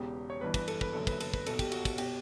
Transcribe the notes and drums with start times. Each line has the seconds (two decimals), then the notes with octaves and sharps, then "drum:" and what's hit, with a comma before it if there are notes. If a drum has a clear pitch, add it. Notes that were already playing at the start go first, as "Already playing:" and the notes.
Already playing: E1 E2 C#3 G4
0.30 C#5
0.41 G1 G2 E3 B4
0.54 B4, drum: kick, cymbal
0.68 A4, drum: cymbal
0.81 B4, drum: kick
0.93 F#1 F#2 D3 A4
1.07 B4, drum: kick, cymbal
1.20 A4, drum: cymbal
1.34 B4, drum: kick
1.46 B1 B2 A4, drum: cymbal
1.59 G4, drum: kick, cymbal
1.72 F#4, drum: cymbal
1.85 drum: kick, cymbal
1.98 B2 G4, drum: cymbal